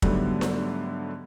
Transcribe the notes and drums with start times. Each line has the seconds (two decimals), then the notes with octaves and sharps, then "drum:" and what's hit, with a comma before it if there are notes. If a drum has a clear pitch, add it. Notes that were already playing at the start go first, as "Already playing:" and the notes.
0.02 G#2 D3 F#3 G3 A3 B3, drum: kick
0.41 drum: snare D4